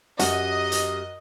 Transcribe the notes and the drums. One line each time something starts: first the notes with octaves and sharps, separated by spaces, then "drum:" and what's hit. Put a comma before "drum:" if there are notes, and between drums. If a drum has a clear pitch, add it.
F#2 F#4 G4 D#5, drum: hi-hat
drum: hi-hat